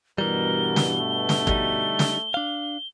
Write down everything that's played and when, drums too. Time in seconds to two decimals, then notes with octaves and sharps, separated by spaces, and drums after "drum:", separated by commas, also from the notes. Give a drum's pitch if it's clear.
0.18 G2 B2 E3 G3 A#4 G7
0.76 drum: snare
1.00 A3
1.29 drum: snare
1.47 D3 G3 D#4, drum: kick
1.99 drum: snare
2.34 D4 F5